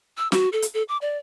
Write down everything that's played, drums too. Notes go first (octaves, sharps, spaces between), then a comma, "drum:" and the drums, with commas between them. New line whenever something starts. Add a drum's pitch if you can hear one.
E6
F#4, drum: snare
A4
drum: hi-hat
A4
D6
D5